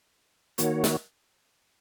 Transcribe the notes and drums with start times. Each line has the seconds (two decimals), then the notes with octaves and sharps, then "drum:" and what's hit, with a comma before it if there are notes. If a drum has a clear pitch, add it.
0.58 D#3 A#3 F#4 C#5, drum: hi-hat
0.84 drum: snare